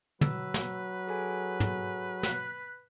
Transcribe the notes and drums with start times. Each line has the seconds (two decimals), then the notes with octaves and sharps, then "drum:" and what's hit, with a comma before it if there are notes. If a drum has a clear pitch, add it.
0.21 F#3 B4 E6, drum: tom
0.54 drum: snare
1.08 G#4 A4 G#5
1.60 drum: tom
2.23 F#6 B6, drum: snare